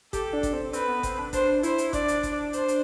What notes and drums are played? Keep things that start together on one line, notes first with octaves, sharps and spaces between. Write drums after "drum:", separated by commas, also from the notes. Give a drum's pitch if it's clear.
G4 A4, drum: kick G1, hi-hat
D4
drum: kick G1, hi-hat
C4
C4 B4, drum: hi-hat
B3
C4, drum: kick G1, hi-hat
D4
D4 C5, drum: kick G1, hi-hat
E4 C5, drum: hi-hat
drum: hi-hat
D4 D5, drum: kick G1, hi-hat
drum: hi-hat
drum: kick G1, hi-hat
C5, drum: hi-hat
drum: hi-hat